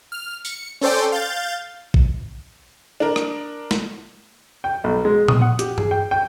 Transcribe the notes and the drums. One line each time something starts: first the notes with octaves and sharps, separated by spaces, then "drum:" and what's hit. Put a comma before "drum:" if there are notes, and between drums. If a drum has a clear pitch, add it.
F6
C#7, drum: tambourine
C#4 A4 C5 D5 G5
F5 G6 A6
drum: kick
D4 A#4
drum: rim click
drum: snare
G5
B1
G#3
D#6, drum: tom A#2
F#5
G4, drum: hi-hat
G#4, drum: tom G2
G5
G5